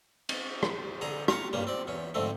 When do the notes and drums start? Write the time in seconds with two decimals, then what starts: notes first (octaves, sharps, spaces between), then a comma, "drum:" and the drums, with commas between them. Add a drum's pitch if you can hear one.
0.29 drum: cymbal
0.63 drum: rim click
1.01 D3 G#4 A#5
1.28 F5 A#5 C#6, drum: rim click
1.53 G2 C#3 G3 A#3
1.67 C4 D5
1.87 E2 C#4
2.14 F2 G#2 D3 A3 C4